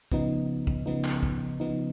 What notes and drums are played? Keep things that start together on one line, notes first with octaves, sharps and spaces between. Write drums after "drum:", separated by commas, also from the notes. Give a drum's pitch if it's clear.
C#3 F3 B3 D#4, drum: kick
drum: kick
C#3 F3 B3 D#4
drum: clap
drum: kick
C#3 F3 B3 D#4